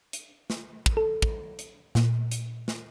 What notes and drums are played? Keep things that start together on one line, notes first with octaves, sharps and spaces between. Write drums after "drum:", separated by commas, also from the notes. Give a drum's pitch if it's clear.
drum: hi-hat
drum: snare
drum: kick
A4
drum: kick
drum: hi-hat
A#2, drum: snare
drum: hi-hat
drum: snare